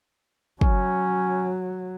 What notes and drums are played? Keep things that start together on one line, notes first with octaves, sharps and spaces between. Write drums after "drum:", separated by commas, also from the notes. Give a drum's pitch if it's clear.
F#3 C#4, drum: kick